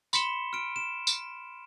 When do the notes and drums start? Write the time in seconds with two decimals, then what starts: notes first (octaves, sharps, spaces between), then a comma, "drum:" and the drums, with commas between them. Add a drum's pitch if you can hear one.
0.13 B5 C6 B6 C#7 E7 G7, drum: tambourine
0.53 F6 D7
0.76 E7
1.07 drum: tambourine